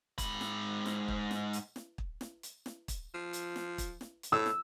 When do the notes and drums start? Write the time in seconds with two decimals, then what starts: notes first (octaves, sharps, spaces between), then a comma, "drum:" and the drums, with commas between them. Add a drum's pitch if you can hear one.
0.18 G#2 B5, drum: kick, hi-hat
0.41 drum: snare
0.86 drum: snare
1.08 drum: kick
1.31 drum: snare
1.53 drum: hi-hat
1.76 drum: snare
1.98 drum: kick
2.21 drum: snare
2.43 drum: hi-hat
2.66 drum: snare
2.88 drum: kick, hi-hat
3.14 F3
3.33 drum: hi-hat
3.56 drum: snare
3.78 drum: kick, hi-hat
4.01 drum: snare
4.23 drum: hi-hat
4.32 A2 E6
4.46 drum: snare